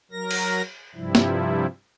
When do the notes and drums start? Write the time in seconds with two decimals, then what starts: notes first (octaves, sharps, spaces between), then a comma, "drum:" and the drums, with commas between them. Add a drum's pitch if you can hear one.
0.11 F#3 A#4 A#6
0.31 drum: cymbal
0.95 G2 C3 F3 G3 E4
1.15 drum: snare